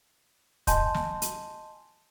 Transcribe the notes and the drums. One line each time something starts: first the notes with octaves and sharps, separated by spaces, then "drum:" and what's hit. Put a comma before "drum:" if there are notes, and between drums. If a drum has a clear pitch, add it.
D#5 G#5 A5 C6 G6, drum: kick, hi-hat
drum: snare
drum: hi-hat